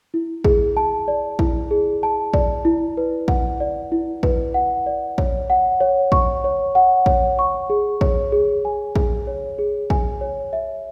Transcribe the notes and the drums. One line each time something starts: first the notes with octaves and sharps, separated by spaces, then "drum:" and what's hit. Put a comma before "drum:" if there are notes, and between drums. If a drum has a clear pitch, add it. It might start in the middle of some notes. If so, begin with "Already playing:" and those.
E4
G#4, drum: kick A#1
A5
D5
E4, drum: kick A#1
G#4
A5
D5, drum: kick A#1
E4
B4
F#5, drum: kick A#1
D5
E4
B4, drum: kick A#1
F#5
D5
C#5, drum: kick A#1
F#5
C#5
C#6, drum: kick A#1
C#5
F#5
C#5, drum: kick A#1
C#6
G#4
C#5, drum: kick A#1
G#4
G#5
G#4, drum: kick A#1
C#5
G#4
G#5, drum: kick A#1
C#5
E5